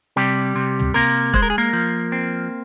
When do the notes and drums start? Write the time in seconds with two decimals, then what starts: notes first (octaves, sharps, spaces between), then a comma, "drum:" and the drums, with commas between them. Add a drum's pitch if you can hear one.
0.16 C3 G3 G4
0.56 C3
0.79 drum: tom
0.94 C3 A#3 A#4
1.34 G#3 C5, drum: kick
1.42 A#4
1.50 G#4
1.58 A#3 A#4
1.73 F3
2.12 C4